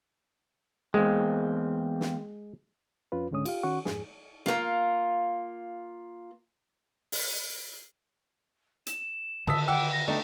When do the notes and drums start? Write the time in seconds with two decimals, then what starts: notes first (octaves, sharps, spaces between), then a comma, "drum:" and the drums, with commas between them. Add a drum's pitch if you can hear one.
0.94 E2 G#3 A#3 C4
2.01 drum: snare
3.12 F2 C#4 F4 B4
3.31 C#2 G#2 D3 G#3 C#4 D#6
3.45 F4 G4 F5, drum: cymbal
3.63 D#3 C#4 F#4 F#5 C#6
3.85 F2 G#2 G#4, drum: snare
4.46 A#3 F4, drum: snare
7.12 drum: open hi-hat
8.87 E7, drum: hi-hat
9.47 D3 D#3 A5 D#6 E6 B6, drum: cymbal
9.68 F#5 G5 D6 E6
9.92 A#6
10.08 A3 D4 D#4 G5 A#5